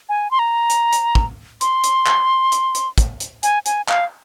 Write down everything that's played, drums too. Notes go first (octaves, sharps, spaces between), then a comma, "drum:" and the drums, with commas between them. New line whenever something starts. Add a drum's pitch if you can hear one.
G#5
C6
A#5
drum: hi-hat
drum: hi-hat
drum: kick
C6, drum: hi-hat
drum: hi-hat
drum: clap
drum: hi-hat
drum: hi-hat
drum: kick, hi-hat
drum: hi-hat
G#5, drum: hi-hat
G#5, drum: hi-hat
F5, drum: clap